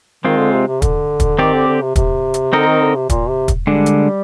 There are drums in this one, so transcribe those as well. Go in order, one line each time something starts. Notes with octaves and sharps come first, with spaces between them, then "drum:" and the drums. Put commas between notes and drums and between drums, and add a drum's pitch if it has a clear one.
D#3 G#3 C4 F4
D3
C3
C3
D3, drum: kick, hi-hat
drum: kick, hi-hat
D#3 C4 G4 D5
D3
D3
C3
C3, drum: kick, hi-hat
drum: hi-hat
D3 C4 D#4 A#4 D#5
D#3
D3
C3
A#2, drum: kick, hi-hat
C3
drum: kick, hi-hat
D3 G3 G#3 D4
drum: hi-hat